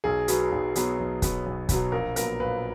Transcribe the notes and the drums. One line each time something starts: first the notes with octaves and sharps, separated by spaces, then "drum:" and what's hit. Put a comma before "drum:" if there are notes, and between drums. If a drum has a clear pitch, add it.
B1 G#4
B2 F#3 B3, drum: hi-hat
B1
B2 F#3 B3, drum: hi-hat
B1
B2 F#3 B3, drum: kick, hi-hat
B1
B2 F#3 B3, drum: kick, hi-hat
A#1 A#4
A#2 F#3 B3 A#4, drum: hi-hat
A#1 B4